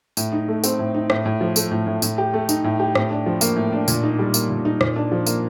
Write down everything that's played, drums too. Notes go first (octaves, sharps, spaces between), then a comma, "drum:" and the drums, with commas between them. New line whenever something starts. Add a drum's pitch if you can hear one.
A2, drum: tambourine
D#4
A3
C4, drum: tambourine
A2
D#4
A2, drum: rim click
A2
F3
A3, drum: tambourine
A2
A2
A2, drum: tambourine
G4
A3
D#4, drum: tambourine
A2
G4
A2, drum: rim click
D4
F3
A#3, drum: tambourine
A2
D4
A#2, drum: tambourine
D#4
G3
A#3, drum: tambourine
A#2
D#4
A#2, drum: rim click
D4
F3
A#3, drum: tambourine